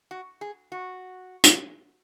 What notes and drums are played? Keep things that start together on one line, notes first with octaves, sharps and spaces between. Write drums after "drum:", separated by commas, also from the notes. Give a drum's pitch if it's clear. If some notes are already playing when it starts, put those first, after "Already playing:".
F#4
G#4
F#4
drum: hi-hat